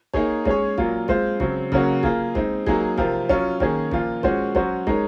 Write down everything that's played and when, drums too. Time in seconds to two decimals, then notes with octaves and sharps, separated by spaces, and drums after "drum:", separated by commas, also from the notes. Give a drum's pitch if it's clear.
0.14 A#3 D#4 G#4 C#5, drum: kick
0.45 G#3 C#4 G#4 C#5, drum: kick
0.78 A#2 F#3 A#3 F4, drum: kick
1.08 G#3 C4 F4 C5, drum: kick
1.40 C#3 F#3 C4, drum: kick
1.72 C#3 F#3 A#3 C#4 F#4, drum: kick
2.03 A#3 F4 G#4, drum: kick
2.35 G#3 C4 D#4, drum: kick
2.66 F#3 A#3 D#4 G#4, drum: kick
2.98 C3 F3 C4 F4 A#4, drum: kick
3.29 F#3 C#4 F4, drum: kick
3.60 D#3 A#3 C#4 G#4, drum: kick
3.91 A#2 F3 A#3 F4, drum: kick
4.23 A#2 G#3 C#4 F#4 C5, drum: kick
4.55 F#3 C#4 F#4 C5, drum: kick
4.87 G#3 D#4 A#4 C#5, drum: kick